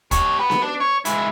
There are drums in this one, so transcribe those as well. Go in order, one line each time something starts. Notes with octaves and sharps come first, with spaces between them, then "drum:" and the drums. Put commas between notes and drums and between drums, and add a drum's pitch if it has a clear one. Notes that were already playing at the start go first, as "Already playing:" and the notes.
G4 C#5, drum: kick, hi-hat
B3 B4
drum: snare B3
D4
C#5
G#3 E4, drum: hi-hat